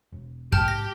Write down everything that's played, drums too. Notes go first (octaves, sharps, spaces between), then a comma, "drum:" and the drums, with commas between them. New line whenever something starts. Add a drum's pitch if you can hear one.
E1
G#2 C3 G#3 G4 G5 A5 F6 G6, drum: kick
A#6